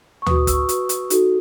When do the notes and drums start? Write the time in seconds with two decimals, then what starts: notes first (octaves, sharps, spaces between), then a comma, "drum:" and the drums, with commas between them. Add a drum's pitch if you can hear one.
0.22 C#6
0.26 F#4 B4 D#6, drum: tom D2
0.37 D#6
0.47 E6, drum: kick, hi-hat
0.53 C#6
0.58 D#6
0.69 F#4 B4, drum: hi-hat
0.89 drum: hi-hat
1.10 D#4 F#4 A4, drum: hi-hat